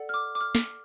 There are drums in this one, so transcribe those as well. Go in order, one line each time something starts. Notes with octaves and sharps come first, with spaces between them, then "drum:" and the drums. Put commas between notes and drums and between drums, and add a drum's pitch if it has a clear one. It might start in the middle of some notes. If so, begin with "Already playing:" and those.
Already playing: A4 D5 F#5
F6
D6
D6
F6
drum: snare